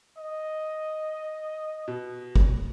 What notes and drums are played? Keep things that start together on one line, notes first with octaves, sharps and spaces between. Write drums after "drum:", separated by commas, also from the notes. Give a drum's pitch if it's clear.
D#5
B2
drum: kick G1